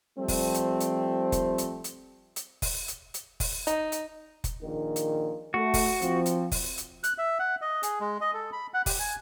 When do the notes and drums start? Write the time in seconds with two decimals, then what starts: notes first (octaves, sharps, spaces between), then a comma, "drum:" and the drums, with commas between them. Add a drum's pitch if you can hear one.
0.18 F3 G3 A3 C4
0.28 drum: kick F1, open hi-hat
0.54 drum: hi-hat
0.80 drum: hi-hat
1.32 drum: kick F1, hi-hat
1.58 drum: hi-hat
1.84 drum: hi-hat
2.36 drum: hi-hat
2.62 drum: kick F1, open hi-hat
2.88 drum: hi-hat
3.14 drum: hi-hat
3.40 drum: kick F1, open hi-hat
3.67 D#4, drum: hi-hat
3.92 drum: hi-hat
4.44 drum: kick F1, hi-hat
4.62 A#1 A#2 D#3
4.96 drum: hi-hat
5.54 A3 F#4
5.74 drum: kick F1, open hi-hat
6.01 F3 C4, drum: hi-hat
6.26 drum: hi-hat
6.52 drum: kick F1, open hi-hat
6.78 drum: hi-hat
7.04 F#6, drum: hi-hat
7.18 E5
7.39 F#5
7.61 D#5
7.83 G#4, drum: hi-hat
8.01 G#3
8.21 D#5
8.34 A4
8.52 B5
8.74 F#5
8.86 G4, drum: kick F1, open hi-hat
8.99 G#5